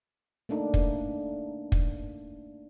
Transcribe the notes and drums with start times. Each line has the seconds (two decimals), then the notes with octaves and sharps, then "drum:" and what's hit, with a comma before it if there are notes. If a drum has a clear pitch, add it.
0.49 A3 A#3 D4 D#4
0.74 drum: kick
1.72 drum: kick